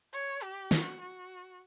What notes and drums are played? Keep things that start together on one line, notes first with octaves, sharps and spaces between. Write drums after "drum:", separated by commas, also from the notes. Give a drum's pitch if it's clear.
C#5
G4
F#4, drum: snare
F#4